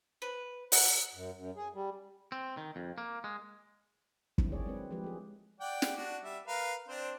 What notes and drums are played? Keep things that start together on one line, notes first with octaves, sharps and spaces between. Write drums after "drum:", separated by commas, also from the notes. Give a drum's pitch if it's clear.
B4
F#5, drum: open hi-hat
F#2
F#2
G#4
G3
C4
D#3
F2
A#3
G#3
D#3 G3 C4 D4 E4, drum: kick
G#4 C#5 D5
F#3 G#3 C4 B4
F3 G#3 G4 B4
A3 G#4
D5 F#5 G5
drum: snare
D4 F#4
G3 E5
A#4 B4 F5
C4 D4 C5